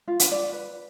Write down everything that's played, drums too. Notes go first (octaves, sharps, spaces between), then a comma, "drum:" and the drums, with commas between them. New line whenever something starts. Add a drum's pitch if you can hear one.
F4
drum: hi-hat
D5
B4